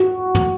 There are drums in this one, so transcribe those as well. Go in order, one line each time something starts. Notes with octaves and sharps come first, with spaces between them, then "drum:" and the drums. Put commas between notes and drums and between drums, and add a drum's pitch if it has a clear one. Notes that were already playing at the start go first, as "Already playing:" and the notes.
Already playing: F#4
drum: tom